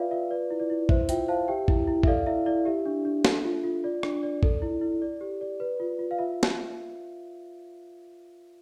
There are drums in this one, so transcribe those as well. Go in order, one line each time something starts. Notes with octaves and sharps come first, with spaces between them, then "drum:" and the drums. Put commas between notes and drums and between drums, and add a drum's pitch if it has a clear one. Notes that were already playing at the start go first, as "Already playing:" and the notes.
Already playing: F4 B4 D5 E5 F5
F4 E5
B4 D5
E4
D5
E4
C5 E5, drum: kick
F4 E5 G5, drum: hi-hat
C5 F5 A5
G4 E5 G5
E4, drum: kick
E4
E5, drum: kick
A4 D5 F5
E4 E5
E4 D5
G4 E5
D4
D4
A4, drum: snare
F4
F4
F4 D5
D4, drum: rim click
D5
A4, drum: kick
E4
E4
D5
G4
D5
B4
F4
F4
F5
F4 E5
drum: snare